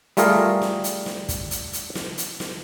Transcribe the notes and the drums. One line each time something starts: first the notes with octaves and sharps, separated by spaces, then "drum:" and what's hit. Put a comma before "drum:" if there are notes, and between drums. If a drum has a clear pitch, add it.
G3 A3 F4 G#4 A#4 F5, drum: hi-hat
drum: snare
drum: hi-hat
drum: snare
drum: kick, hi-hat
drum: hi-hat
drum: hi-hat
drum: snare
drum: hi-hat
drum: snare